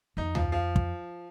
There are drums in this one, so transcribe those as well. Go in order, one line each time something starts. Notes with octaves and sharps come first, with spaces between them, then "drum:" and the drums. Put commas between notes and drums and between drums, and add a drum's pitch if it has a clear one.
F2 D#4
F3, drum: tom D2
F3
drum: kick